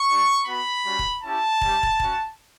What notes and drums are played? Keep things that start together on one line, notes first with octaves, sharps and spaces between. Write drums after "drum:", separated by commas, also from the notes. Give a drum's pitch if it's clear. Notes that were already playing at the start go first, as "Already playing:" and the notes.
Already playing: C#6
G3 D4 G4
B3 F#4 B5
G3 C#4 F#4
drum: kick
C#4 E4 G4 A5
G3 C#4 G4, drum: kick
drum: kick
C#4 F#4, drum: kick